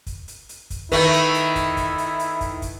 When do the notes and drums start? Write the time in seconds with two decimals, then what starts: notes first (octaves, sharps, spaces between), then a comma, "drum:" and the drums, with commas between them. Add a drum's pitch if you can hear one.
0.06 drum: kick, hi-hat
0.28 drum: hi-hat
0.49 drum: hi-hat
0.70 drum: kick, hi-hat
0.92 D#3 A3 E4 B4, drum: kick, hi-hat
1.13 drum: hi-hat
1.34 drum: hi-hat
1.56 drum: kick, hi-hat
1.77 drum: kick, hi-hat
1.98 drum: hi-hat
2.19 drum: hi-hat
2.41 drum: kick, hi-hat
2.62 drum: kick, hi-hat